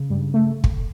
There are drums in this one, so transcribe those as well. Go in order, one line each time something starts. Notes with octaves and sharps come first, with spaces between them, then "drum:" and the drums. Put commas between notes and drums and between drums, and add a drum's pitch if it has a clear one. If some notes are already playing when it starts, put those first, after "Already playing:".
Already playing: C#3
G2
A3
drum: kick